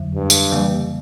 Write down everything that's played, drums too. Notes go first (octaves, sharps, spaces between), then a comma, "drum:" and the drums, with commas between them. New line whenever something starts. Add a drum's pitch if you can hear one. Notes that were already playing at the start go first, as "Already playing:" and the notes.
Already playing: F2 D3 F#3
G2
drum: tambourine
C#3 E3 G3 A#3